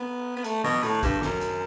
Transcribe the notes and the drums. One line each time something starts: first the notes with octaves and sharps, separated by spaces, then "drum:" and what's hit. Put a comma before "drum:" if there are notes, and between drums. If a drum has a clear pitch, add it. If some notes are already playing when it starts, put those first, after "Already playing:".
Already playing: B3
B3
A3, drum: hi-hat
B2, drum: snare
A2, drum: hi-hat
G2, drum: kick G#1, hi-hat
F#2, drum: snare
drum: hi-hat